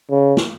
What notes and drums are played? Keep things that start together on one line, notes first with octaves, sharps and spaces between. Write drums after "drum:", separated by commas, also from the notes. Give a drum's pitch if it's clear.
C#3
drum: snare